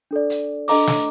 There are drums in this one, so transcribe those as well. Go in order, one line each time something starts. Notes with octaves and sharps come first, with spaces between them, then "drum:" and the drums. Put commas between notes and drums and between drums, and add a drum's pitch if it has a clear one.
D4 A4 D5
drum: hi-hat
D4 A4 D#5 A#5 D6, drum: open hi-hat
drum: snare